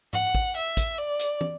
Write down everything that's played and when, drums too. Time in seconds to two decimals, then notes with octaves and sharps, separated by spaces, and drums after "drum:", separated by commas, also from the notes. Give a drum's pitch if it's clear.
0.13 F#5, drum: tom G#2
0.35 drum: kick
0.56 E5
0.77 drum: kick, hi-hat
0.98 D5
1.20 drum: hi-hat
1.41 drum: tom